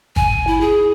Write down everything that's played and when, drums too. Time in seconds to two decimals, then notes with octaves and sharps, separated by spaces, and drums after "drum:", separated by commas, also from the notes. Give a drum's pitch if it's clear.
0.16 G#5, drum: kick
0.47 E4
0.61 G#4